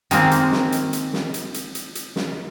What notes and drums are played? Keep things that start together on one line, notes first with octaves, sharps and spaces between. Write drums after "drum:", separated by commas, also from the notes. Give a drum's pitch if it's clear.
D#3 G#3 A#3 C4, drum: hi-hat
drum: hi-hat
drum: snare
drum: hi-hat
drum: hi-hat
drum: snare
drum: hi-hat
drum: hi-hat
drum: hi-hat
drum: hi-hat
drum: snare